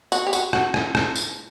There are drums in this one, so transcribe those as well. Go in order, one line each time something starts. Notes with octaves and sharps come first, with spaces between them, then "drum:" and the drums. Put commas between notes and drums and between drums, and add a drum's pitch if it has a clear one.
F#4, drum: tambourine
G4
F#4, drum: tambourine
F#4, drum: rim click
drum: rim click
drum: rim click
drum: tambourine